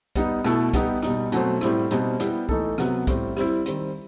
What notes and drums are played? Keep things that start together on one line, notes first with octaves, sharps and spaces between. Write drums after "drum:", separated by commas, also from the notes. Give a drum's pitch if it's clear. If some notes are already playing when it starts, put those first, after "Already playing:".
G3 B3 D#4, drum: kick, hi-hat
B2 A3 E4 A4, drum: rim click
G3 B3 D#4 G4, drum: kick, hi-hat
B2 G3 D#4, drum: rim click
B2 F#3 A3 C4, drum: hi-hat
A2 G3 C4 E4, drum: rim click
B2 G3 C4 D#4, drum: hi-hat
G3 B3 E4 G4, drum: hi-hat
E3 A3 D#4 A4, drum: kick
C3 F#3 B3 F#4, drum: rim click
A2 G3 C4, drum: kick, hi-hat
G3 C4 E4, drum: rim click
D#3 G3 C4, drum: hi-hat